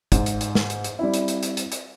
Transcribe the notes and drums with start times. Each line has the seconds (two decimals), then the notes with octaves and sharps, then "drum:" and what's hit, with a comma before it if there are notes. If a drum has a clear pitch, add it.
0.12 G#2, drum: kick, hi-hat
0.26 drum: hi-hat
0.41 drum: hi-hat
0.55 drum: snare
0.70 drum: hi-hat
0.84 drum: hi-hat
0.99 G3 C4 E4
1.14 drum: hi-hat
1.28 drum: hi-hat
1.43 drum: hi-hat
1.57 drum: hi-hat
1.72 drum: hi-hat